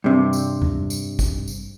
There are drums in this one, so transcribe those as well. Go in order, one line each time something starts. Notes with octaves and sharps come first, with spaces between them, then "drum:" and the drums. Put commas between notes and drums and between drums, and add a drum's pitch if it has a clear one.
G2 C3
drum: tambourine
drum: tom E2
drum: tambourine
drum: kick G#1, tambourine
drum: tambourine